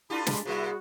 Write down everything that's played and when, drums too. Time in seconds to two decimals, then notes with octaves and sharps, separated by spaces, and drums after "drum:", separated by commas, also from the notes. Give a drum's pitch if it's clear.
0.10 D4 E4 F4 G4 A4 A5 B5
0.26 G#3, drum: snare
0.45 C3 G3 A#3 E4 F#4 G#4